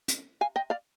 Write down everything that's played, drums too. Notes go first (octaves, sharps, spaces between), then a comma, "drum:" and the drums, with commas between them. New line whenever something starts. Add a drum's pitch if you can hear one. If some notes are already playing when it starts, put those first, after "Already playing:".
drum: hi-hat
F5 G#5
D#5 G5
D5 F5